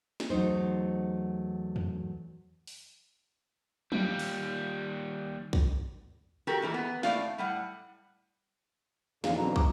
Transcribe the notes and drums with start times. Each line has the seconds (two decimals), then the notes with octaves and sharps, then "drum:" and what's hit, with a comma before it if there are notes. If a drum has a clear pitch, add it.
0.20 drum: snare
0.30 E2 F#3 A3 D#4 C5
1.76 drum: tom E2
2.67 drum: open hi-hat
3.92 D#2 G3, drum: tom
4.19 drum: open hi-hat
5.53 drum: kick
6.47 F#4 G4 A4 A#4
6.62 A#2 E3 G#3
6.74 B3
7.03 A2 A3 D5 F5, drum: snare
7.38 A2 G3 F#5
9.24 F2 G#2 D3 E3 C#4 F5, drum: snare
9.37 B2 D3 E3 F#3 C4 A#5
9.56 D6, drum: kick